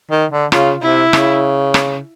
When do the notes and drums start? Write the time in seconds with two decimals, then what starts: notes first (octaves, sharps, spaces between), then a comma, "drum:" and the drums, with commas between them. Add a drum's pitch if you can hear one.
0.11 D#3
0.32 D3
0.52 C#3 F4, drum: rim click
0.82 C3 E4
1.13 C#3, drum: rim click
1.74 drum: rim click